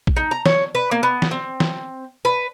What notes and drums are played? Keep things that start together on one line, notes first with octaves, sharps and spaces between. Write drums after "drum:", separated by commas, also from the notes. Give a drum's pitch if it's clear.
drum: kick
D#4
A#5
C#5, drum: snare
B4
A#3
B3
drum: snare
C4
drum: snare
B4